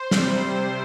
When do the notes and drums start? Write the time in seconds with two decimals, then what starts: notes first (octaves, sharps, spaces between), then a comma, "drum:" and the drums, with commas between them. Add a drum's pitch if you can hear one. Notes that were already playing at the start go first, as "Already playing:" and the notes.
Already playing: C5
0.11 C3 G3, drum: snare